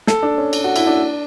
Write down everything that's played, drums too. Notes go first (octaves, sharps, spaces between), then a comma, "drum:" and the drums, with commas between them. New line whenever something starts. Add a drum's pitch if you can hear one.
A4, drum: snare
D4
C#4
drum: cymbal
F#4
E4, drum: cymbal
D4